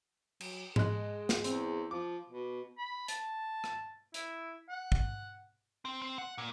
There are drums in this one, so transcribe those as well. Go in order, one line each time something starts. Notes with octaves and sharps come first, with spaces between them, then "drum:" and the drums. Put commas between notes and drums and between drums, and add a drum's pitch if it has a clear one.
F#3, drum: cymbal
G#3 G#4 D#5 F#6, drum: tom G#2
drum: snare
E2 C4, drum: hi-hat
F3 D6
B2
B5
A5, drum: hi-hat
drum: rim click
E4, drum: hi-hat
F#5
drum: kick
C4
C4
F#5
A#2